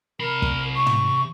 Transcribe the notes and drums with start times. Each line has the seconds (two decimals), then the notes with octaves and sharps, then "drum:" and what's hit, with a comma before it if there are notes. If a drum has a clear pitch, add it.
0.20 C3 A#4 B5
0.42 drum: kick
0.76 C#6
0.86 drum: tom